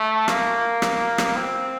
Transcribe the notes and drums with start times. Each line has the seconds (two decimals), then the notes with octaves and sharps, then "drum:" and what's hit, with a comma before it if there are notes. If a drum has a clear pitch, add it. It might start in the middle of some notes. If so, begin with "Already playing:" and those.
Already playing: A3
0.28 A#3, drum: rim click
0.82 drum: rim click
1.18 drum: rim click
1.36 C4